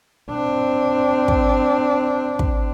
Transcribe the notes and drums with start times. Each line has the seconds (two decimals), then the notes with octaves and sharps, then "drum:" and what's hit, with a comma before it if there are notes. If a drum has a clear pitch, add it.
0.31 C4 D4
1.28 drum: kick
2.39 drum: kick